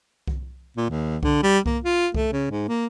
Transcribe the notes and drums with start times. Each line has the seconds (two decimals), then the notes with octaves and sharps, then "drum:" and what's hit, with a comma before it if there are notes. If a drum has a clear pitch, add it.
0.27 drum: kick C2
0.77 A#2
0.90 D#2
1.23 D3, drum: kick C2
1.43 G3
1.66 A#3, drum: kick C2
1.84 F4
2.14 A3, drum: kick C2
2.32 C#3
2.50 G#2
2.68 A#3